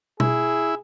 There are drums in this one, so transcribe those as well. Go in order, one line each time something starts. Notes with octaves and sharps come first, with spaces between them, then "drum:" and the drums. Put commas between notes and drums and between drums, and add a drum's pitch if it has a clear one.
E4 G#4, drum: tom B2